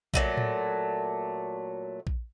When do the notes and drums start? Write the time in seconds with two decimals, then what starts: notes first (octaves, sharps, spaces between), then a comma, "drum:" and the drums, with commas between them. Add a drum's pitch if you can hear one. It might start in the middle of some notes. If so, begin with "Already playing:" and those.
0.14 A#2 F#3 A3, drum: kick A#1
0.37 drum: tom A2
2.07 drum: kick A#1